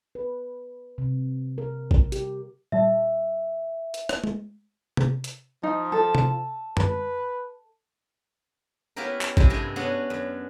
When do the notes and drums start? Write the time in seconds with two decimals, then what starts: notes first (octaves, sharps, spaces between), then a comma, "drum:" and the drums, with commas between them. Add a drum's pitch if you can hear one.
0.15 B4
0.98 C3
1.58 A#4
1.91 drum: kick A1
2.12 G4, drum: hi-hat
2.72 A#2 G3 E5 A5
3.94 drum: hi-hat
4.09 drum: rim click
4.24 drum: tom G#3
4.97 drum: tom C3
5.24 drum: hi-hat
5.63 F3 D#4
5.92 A4
6.15 drum: tom C3
6.77 B4, drum: tom F#2
8.96 A#3 B3 C#4 E4 G4 A#4
9.21 drum: clap
9.37 C3 G#3 E4 G4, drum: kick A1
9.50 G2 A3 D#5 G#5
9.76 B3 C#4 D4 F#4 G#4
10.10 F#2